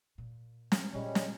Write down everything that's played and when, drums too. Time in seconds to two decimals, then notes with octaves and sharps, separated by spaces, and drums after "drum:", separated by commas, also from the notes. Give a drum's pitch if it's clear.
0.18 A#2
0.72 drum: snare
0.93 A#2 D3 G3 G#3 C#4
1.15 drum: snare